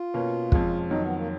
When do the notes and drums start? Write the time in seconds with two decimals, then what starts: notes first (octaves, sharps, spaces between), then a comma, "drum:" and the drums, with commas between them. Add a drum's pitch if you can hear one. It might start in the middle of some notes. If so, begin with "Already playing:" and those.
Already playing: F4
0.14 B2 A#3 C#4
0.52 F2 F3 G#3 C#4, drum: kick
0.90 F2 D#3 F#3 D#4
1.03 B3
1.16 A#3